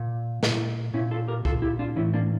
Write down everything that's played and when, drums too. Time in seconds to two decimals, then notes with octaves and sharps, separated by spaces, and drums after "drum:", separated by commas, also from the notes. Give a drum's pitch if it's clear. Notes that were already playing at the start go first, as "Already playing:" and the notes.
Already playing: A#2
0.43 A#2, drum: snare
0.94 A#2 C#4 E4
1.11 F4 A4
1.28 G4 A#4
1.45 A#2 F4 A4, drum: kick
1.62 E4 G4
1.79 D4 F4
1.96 A2 E3 C#4 E4
2.14 A#3 D4